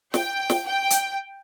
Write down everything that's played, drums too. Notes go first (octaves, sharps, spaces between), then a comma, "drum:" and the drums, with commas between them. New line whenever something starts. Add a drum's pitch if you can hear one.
G5, drum: snare
drum: snare
G5
drum: hi-hat